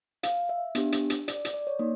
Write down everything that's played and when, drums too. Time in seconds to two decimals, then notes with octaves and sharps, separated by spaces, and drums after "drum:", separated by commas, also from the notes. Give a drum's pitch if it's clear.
0.23 F5, drum: hi-hat
0.49 E5
0.75 B3 D4 G4, drum: hi-hat
0.92 drum: hi-hat
1.10 drum: hi-hat
1.28 D5, drum: hi-hat
1.45 drum: hi-hat
1.54 D5
1.67 C#5
1.79 A#3 D#4